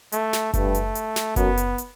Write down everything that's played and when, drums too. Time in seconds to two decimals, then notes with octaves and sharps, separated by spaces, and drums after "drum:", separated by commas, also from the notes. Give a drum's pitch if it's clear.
0.12 A3, drum: hi-hat
0.33 drum: snare
0.54 G2 A3, drum: kick F#1, hi-hat
0.75 drum: hi-hat
0.95 drum: hi-hat
1.16 drum: snare
1.36 F#2 B3, drum: kick F#1, hi-hat
1.57 drum: hi-hat
1.78 drum: hi-hat